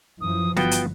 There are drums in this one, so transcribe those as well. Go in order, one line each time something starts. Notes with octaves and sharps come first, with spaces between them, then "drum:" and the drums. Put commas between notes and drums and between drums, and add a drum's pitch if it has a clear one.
F#2 E3 F3 D#6
G1 B3 F4 F#4 G5, drum: snare
drum: hi-hat